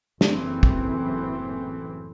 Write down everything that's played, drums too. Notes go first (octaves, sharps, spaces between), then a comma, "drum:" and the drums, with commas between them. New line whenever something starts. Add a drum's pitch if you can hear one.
F#1 A2 E3 C4, drum: snare
drum: kick